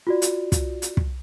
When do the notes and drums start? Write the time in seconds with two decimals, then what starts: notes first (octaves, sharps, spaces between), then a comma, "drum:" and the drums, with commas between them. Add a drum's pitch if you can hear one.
0.07 F4 F#4 D5
0.22 drum: hi-hat
0.52 drum: kick, hi-hat
0.82 drum: hi-hat
0.97 drum: kick